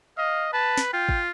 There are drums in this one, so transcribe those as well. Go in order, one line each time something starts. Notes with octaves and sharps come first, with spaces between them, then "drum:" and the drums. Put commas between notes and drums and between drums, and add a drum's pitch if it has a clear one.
D#5 F5
B4 A5
drum: snare
F4 G5
drum: kick G#1